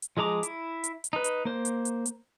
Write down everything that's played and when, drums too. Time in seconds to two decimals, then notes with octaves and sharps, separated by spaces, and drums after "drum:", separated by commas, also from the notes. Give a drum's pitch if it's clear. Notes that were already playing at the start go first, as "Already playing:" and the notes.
0.02 drum: hi-hat
0.17 F3 G#3 G#4 A#5 D6
0.43 E4, drum: hi-hat
0.84 drum: hi-hat
1.04 drum: hi-hat
1.13 D#4 B4
1.24 drum: hi-hat
1.45 A#3 C5
1.65 drum: hi-hat
1.85 drum: hi-hat
2.06 drum: hi-hat